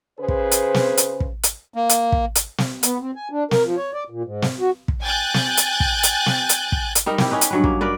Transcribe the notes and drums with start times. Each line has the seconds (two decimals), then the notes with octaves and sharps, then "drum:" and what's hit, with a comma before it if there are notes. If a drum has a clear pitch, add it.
0.19 C#3 G#4 B4 C5
0.28 drum: kick
0.51 drum: hi-hat
0.74 drum: snare
0.97 drum: hi-hat
1.20 drum: kick
1.43 drum: hi-hat
1.74 A#3
1.89 drum: hi-hat
2.12 drum: kick
2.35 drum: hi-hat
2.58 drum: snare
2.83 B3, drum: hi-hat
3.00 C4
3.16 G#5
3.31 D4
3.51 A#4, drum: snare
3.64 F3
3.77 C#5
3.93 D5
4.10 A#2
4.24 G#2
4.42 drum: snare
4.60 F#4
4.88 drum: kick
5.04 G5 G#5 F#6 G6 A6
5.34 drum: snare
5.57 drum: hi-hat
5.80 drum: kick
6.03 drum: hi-hat
6.26 drum: snare
6.49 drum: hi-hat
6.72 drum: kick
6.95 drum: hi-hat
7.06 G3 D#4 A#4
7.18 E4 G4, drum: snare
7.31 C#4 D#4 B4
7.41 drum: hi-hat
7.51 G2 F#3 B4
7.64 A#3, drum: kick
7.81 A#4 B4 D5